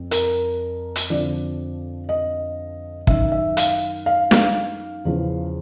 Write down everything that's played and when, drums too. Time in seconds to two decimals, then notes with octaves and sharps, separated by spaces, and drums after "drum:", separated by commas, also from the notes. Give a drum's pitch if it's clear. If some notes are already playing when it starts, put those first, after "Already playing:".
Already playing: F2
0.11 A#4, drum: hi-hat
0.96 drum: hi-hat
1.10 F2 D3 F3 D5
2.09 D#5
3.07 F#2 D#3 E5, drum: kick
3.32 E5
3.57 F5, drum: hi-hat
4.06 F5
4.31 F5, drum: snare
5.05 E2 C#3 F3